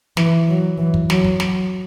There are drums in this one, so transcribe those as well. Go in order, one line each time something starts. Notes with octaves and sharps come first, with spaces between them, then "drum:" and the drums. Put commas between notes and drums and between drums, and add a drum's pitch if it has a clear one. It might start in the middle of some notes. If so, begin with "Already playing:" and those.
E3, drum: snare
F#3
E3
drum: kick
F#3, drum: snare
drum: kick
drum: snare